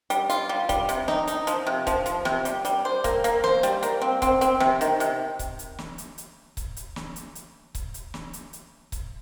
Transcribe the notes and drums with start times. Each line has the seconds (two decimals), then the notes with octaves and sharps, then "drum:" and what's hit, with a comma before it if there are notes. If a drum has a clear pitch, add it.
0.10 G3, drum: hi-hat
0.30 F4, drum: hi-hat
0.49 G3
0.69 G3, drum: kick C#1, hi-hat
0.89 C3, drum: hi-hat
1.08 D#4, drum: snare
1.27 D#4, drum: hi-hat
1.47 F3, drum: hi-hat
1.67 C3
1.87 F3, drum: kick C#1, hi-hat
2.06 F3, drum: hi-hat
2.25 C3, drum: snare
2.45 G3, drum: hi-hat
2.65 G3, drum: hi-hat
2.85 C5
3.04 A#3, drum: kick C#1, hi-hat
3.24 A#3, drum: hi-hat
3.44 C5, drum: snare
3.63 G3, drum: hi-hat
3.83 A#3, drum: hi-hat
4.02 C4
4.22 C4, drum: kick C#1, hi-hat
4.41 C4, drum: hi-hat
4.60 C3, drum: snare
4.81 D#3, drum: hi-hat
5.00 C3, drum: hi-hat
5.39 drum: kick C#1, hi-hat
5.59 drum: hi-hat
5.79 drum: snare
5.98 drum: hi-hat
6.18 drum: hi-hat
6.57 drum: kick C#1, hi-hat
6.77 drum: hi-hat
6.96 drum: snare
7.16 drum: hi-hat
7.35 drum: hi-hat
7.75 drum: kick C#1, hi-hat
7.94 drum: hi-hat
8.14 drum: snare
8.33 drum: hi-hat
8.53 drum: hi-hat
8.92 drum: kick C#1, hi-hat